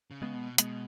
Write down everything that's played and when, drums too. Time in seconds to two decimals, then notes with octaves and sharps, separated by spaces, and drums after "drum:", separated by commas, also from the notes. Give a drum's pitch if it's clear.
0.11 C#3
0.22 G#3 B3
0.34 B2
0.58 B2 G#3 B3, drum: hi-hat